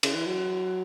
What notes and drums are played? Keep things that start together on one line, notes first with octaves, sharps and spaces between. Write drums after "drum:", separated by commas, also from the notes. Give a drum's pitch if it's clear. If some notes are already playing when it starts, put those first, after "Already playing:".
C#3, drum: cymbal
E3
F#3